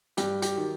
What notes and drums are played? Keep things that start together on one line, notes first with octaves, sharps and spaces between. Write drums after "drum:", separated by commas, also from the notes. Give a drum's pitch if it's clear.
G2 G4, drum: hi-hat
G4, drum: hi-hat
D#3 F#3